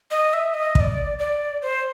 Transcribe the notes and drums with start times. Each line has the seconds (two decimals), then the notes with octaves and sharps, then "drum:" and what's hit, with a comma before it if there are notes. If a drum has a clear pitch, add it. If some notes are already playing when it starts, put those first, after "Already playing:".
0.11 D#5
0.33 E5
0.54 D#5
0.75 D#5, drum: kick
0.80 D5
1.19 D5
1.62 C5